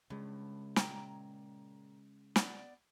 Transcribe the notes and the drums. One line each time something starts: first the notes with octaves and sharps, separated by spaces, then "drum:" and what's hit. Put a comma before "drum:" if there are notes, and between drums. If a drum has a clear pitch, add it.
G2 C#3 G#3
A#2 G5 A#5, drum: snare
B3 D5, drum: snare